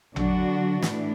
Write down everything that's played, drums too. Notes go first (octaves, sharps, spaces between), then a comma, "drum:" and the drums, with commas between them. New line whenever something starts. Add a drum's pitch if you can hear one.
D3 F#3 D4 F#4, drum: tom A1
A2 E3 D4, drum: snare